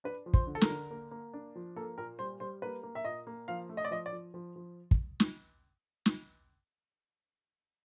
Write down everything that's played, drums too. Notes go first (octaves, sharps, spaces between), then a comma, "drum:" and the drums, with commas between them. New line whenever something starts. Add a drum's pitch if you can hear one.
D4 B4
F3
C5, drum: kick
D3
A4
A#4, drum: snare
D3
A#3
A#3
D4
F3
A#3 A4
A#2 A#4
G3 C5
G3 C5
A#3 B4
A#3
E5
A#2 D#5
A#3
F3 F5
A3
D#5
D5
F3 D#5
D5
F3
F3
F3
drum: kick
drum: snare
drum: snare